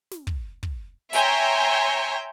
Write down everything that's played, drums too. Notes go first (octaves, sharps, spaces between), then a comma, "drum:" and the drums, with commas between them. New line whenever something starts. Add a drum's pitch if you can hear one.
drum: snare
drum: kick
drum: kick
C#5 E5 G5 G#5 A#5 C6, drum: hi-hat